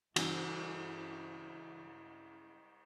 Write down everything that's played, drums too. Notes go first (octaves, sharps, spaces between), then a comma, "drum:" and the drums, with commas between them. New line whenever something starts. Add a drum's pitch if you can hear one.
G2 C#3 E3 E4 F#4 G#5, drum: cymbal